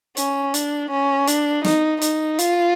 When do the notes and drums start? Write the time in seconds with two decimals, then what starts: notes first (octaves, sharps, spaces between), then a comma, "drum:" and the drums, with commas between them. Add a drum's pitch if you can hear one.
0.17 C#4, drum: hi-hat
0.54 D4, drum: hi-hat
0.91 C#4
1.27 D4, drum: hi-hat
1.64 D#4, drum: snare
2.01 D#4, drum: hi-hat
2.39 F4, drum: hi-hat